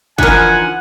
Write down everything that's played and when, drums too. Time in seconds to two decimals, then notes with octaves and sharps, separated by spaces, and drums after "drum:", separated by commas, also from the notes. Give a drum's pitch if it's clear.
0.18 E3 F3 D4 D#4 A#4 F#5 G#5, drum: kick